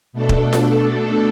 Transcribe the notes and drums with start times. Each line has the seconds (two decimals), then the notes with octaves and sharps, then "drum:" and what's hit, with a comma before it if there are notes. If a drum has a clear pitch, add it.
0.13 B2 A3 D4 A4
0.29 drum: kick
0.53 drum: snare F4